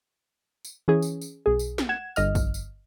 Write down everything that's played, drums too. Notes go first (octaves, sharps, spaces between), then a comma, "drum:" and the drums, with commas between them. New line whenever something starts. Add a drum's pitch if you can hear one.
drum: tambourine
E3 C#4 G#4
drum: tambourine
drum: tambourine
B1 G#4
drum: tambourine
drum: snare
F#5 G#6 E7
G1 D#5 F6, drum: tambourine
drum: kick A#1, tambourine
drum: tambourine